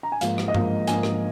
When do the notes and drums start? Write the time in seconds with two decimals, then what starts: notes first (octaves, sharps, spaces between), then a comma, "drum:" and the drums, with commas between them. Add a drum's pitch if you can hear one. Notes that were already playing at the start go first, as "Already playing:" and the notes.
0.03 A#5
0.12 G#5
0.21 G#2 F3 A#3 F5, drum: hi-hat
0.38 drum: rim click
0.48 D#5
0.55 G#2 F3 A#3 F5, drum: tom G2
0.87 G#2 F3 A#3 G#5, drum: hi-hat
1.03 drum: rim click